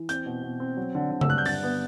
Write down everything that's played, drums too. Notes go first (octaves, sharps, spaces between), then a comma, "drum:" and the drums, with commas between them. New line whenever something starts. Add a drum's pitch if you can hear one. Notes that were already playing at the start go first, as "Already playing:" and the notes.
Already playing: E3
C4 G6, drum: hi-hat
B2
B2
C4
F#3
D3
D3
E6, drum: tom C#3
G2 F#6
G6
D3 A6, drum: open hi-hat
B3